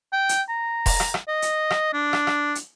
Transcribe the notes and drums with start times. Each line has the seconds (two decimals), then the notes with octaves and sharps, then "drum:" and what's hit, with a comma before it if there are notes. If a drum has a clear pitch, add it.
0.12 G5
0.29 drum: hi-hat
0.49 A#5
0.86 drum: kick E1, open hi-hat
1.00 drum: rim click
1.14 drum: rim click
1.28 D#5
1.42 drum: hi-hat
1.70 drum: rim click
1.93 D4
2.13 drum: rim click
2.27 drum: rim click
2.55 drum: hi-hat